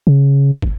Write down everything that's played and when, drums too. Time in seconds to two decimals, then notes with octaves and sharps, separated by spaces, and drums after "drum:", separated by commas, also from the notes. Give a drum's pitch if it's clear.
0.07 C#3
0.62 drum: kick